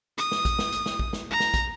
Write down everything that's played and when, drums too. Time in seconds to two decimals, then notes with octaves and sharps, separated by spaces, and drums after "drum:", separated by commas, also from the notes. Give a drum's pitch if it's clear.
0.18 D#6, drum: hi-hat
0.31 drum: snare
0.45 drum: kick, hi-hat
0.59 drum: snare
0.72 drum: hi-hat
0.86 drum: snare
0.99 drum: kick
1.13 drum: snare
1.31 A#5
1.40 drum: snare
1.54 drum: kick, hi-hat